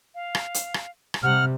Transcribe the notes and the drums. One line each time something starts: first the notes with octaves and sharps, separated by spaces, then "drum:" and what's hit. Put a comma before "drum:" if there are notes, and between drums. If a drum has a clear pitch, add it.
F5
drum: rim click
drum: hi-hat
drum: rim click
drum: rim click
C3 G3 F#5 F6